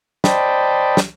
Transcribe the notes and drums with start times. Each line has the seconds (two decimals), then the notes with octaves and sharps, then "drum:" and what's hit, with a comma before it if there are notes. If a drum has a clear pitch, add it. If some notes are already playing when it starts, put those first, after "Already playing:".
0.24 C5 D5 D#5 G5 A5 B5, drum: snare
0.97 drum: snare